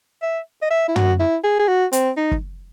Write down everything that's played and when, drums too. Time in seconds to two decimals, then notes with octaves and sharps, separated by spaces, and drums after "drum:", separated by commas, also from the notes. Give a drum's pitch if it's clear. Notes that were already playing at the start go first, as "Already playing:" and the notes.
0.22 E5
0.62 D#5
0.71 E5
0.88 E4
0.96 F#4, drum: tom
1.19 E4
1.44 G#4
1.60 G#4
1.68 F#4
1.93 C4, drum: hi-hat
2.17 D#4
2.31 drum: kick